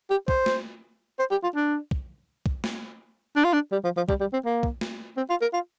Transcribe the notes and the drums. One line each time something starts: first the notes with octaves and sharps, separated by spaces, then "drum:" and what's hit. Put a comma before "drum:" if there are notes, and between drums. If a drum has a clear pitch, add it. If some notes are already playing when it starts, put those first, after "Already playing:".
G4
C5, drum: kick
drum: snare
C5
G4
F4
D4
drum: kick
drum: kick
drum: snare
D4
F4
D4
G3
F3
F3
G3, drum: kick
G3
C4
A#3
drum: kick
drum: snare
C4
F4
A#4
F4